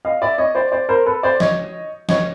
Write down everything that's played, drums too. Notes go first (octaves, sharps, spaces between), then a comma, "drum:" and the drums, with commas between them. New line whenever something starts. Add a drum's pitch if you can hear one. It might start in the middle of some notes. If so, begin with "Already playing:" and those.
D#5 F5
D5 E5
C#5 D#5
C5 D5
C5 D5
A#4 C5
A4 B4
C5 D5
C#5 D#5, drum: snare
C#5 D#5, drum: snare